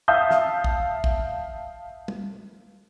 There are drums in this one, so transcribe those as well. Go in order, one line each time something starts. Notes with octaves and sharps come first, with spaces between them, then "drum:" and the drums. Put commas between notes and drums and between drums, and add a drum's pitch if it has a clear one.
E5 F5 A5 D#6 G6
drum: snare
drum: kick
drum: kick
drum: tom